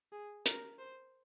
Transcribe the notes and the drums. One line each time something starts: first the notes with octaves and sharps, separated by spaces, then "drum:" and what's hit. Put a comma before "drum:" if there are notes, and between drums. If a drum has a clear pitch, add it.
G#4
A#4, drum: hi-hat
C5